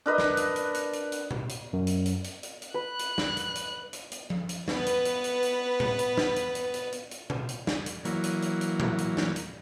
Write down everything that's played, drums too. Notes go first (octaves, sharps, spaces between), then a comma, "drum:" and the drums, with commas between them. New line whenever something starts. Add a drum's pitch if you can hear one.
D4 A#4 B4 D#5
drum: snare
drum: hi-hat
drum: hi-hat
drum: hi-hat
drum: hi-hat
drum: hi-hat
drum: tom B2
drum: hi-hat
F#2
drum: hi-hat
drum: hi-hat
drum: hi-hat
drum: hi-hat
drum: hi-hat
B4 F#6
drum: hi-hat
drum: snare
drum: hi-hat
drum: hi-hat
drum: hi-hat
drum: hi-hat
drum: tom F3
drum: hi-hat
B3 B4, drum: snare
drum: hi-hat
drum: hi-hat
drum: hi-hat
drum: hi-hat
drum: tom A#2
drum: hi-hat
drum: snare
drum: hi-hat
drum: hi-hat
drum: hi-hat
drum: hi-hat
drum: hi-hat
drum: tom B2
drum: hi-hat
drum: snare
drum: hi-hat
E3 F#3 A#3, drum: hi-hat
drum: hi-hat
drum: hi-hat
drum: hi-hat
drum: tom A#2
drum: hi-hat
drum: snare
drum: hi-hat